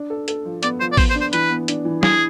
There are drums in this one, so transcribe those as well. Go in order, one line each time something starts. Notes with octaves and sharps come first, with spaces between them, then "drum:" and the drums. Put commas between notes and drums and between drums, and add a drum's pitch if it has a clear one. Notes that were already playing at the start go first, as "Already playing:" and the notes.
Already playing: D4
A4
A4, drum: hi-hat
F3
B3 D5, drum: hi-hat
F3 C5
D5
B3 C5, drum: kick A1, open hi-hat
C5
D4
C5
E3 B4, drum: hi-hat
B3
D4, drum: hi-hat
E3
E3 G#4, drum: snare